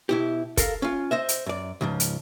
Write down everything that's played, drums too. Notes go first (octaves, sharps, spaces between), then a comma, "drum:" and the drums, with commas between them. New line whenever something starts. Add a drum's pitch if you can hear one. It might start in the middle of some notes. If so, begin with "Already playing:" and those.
B2 E4 G4
A4 A#4 F5, drum: kick, hi-hat
C#4 F4
C5 D#5 E5
drum: hi-hat
F#2 D5
C#2 G#2 F3
drum: hi-hat